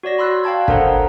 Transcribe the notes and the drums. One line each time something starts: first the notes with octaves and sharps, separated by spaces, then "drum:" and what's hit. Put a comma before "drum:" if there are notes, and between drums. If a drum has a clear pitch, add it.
F#4 C#5 D5 A#6
B5 C6 E6 F#6
F5 G5 A5 G#6
D4 A4 A#4 C5 F#5 A#5, drum: kick